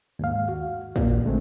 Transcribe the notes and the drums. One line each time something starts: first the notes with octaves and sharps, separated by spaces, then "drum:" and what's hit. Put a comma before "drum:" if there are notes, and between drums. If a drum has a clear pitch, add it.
D#2 G#2 F5
F#4
A#2, drum: kick
D3 G#3 A3 C4